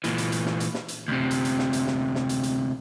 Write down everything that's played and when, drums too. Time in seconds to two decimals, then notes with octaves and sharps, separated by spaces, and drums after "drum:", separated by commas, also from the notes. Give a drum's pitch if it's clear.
0.04 A#2 E3, drum: hi-hat
0.18 drum: hi-hat
0.32 drum: hi-hat
0.46 drum: snare
0.60 drum: hi-hat
0.74 drum: snare
0.88 drum: hi-hat
1.08 D2 C3
1.31 drum: hi-hat
1.45 drum: hi-hat
1.59 drum: snare
1.73 drum: hi-hat
1.87 drum: snare
2.15 drum: snare
2.29 drum: hi-hat
2.43 drum: hi-hat